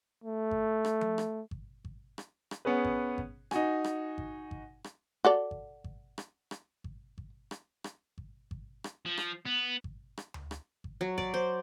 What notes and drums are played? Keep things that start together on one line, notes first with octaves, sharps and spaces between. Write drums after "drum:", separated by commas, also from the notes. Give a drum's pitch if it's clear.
A3
drum: kick G#1
drum: rim click
drum: tom F3
drum: rim click
drum: kick G#1
drum: kick G#1
drum: rim click
drum: rim click
B3 C#4 G#4 B4
drum: kick G#1
drum: kick G#1
D#4 F#4 G#5, drum: rim click
drum: rim click
drum: kick G#1
drum: kick G#1
drum: rim click
F#4 A4 D5
drum: kick G#1
drum: kick G#1
drum: rim click
drum: rim click
drum: kick G#1
drum: kick G#1
drum: rim click
drum: rim click
drum: kick G#1
drum: kick G#1
drum: rim click
F3
drum: rim click
B3
drum: kick G#1
drum: rim click
drum: tom D2
drum: rim click
drum: kick G#1
F#3
D5, drum: kick G#1
C5